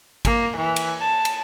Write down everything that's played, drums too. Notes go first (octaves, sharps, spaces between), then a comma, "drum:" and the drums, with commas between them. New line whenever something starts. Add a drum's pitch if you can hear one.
A#3, drum: kick G#1, cymbal
E3
drum: cymbal
A5
drum: cymbal